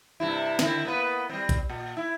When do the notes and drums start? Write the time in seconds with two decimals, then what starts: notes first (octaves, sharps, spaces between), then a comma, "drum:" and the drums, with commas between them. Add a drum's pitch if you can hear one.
0.20 G2 C3 E4
0.59 D3 C4 E4, drum: snare
0.85 A#3 B3 B4
1.29 G3 C4
1.49 drum: kick B1, hi-hat
1.69 A#2
1.97 E4